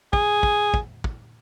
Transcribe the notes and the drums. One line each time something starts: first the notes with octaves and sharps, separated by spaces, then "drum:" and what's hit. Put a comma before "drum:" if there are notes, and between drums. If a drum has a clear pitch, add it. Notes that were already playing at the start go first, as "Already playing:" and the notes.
G#4, drum: kick
drum: kick
drum: kick
drum: kick